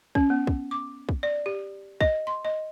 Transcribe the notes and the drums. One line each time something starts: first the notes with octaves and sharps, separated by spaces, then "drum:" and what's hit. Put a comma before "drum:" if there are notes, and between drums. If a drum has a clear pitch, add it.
C#4, drum: kick
B3
drum: kick
D6
drum: kick
D5
G4
D#5, drum: kick
C6
D#5